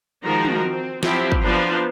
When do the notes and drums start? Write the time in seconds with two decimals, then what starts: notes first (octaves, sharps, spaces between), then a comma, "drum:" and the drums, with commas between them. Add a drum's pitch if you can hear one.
0.24 D#3 F3 G#3 F#4 A#4 A#5
0.45 drum: tom
0.66 C4
1.03 F3 F#3 C4 E4 F4 G4, drum: snare
1.32 drum: kick
1.41 F3 B3 D4 B4 C5 A#5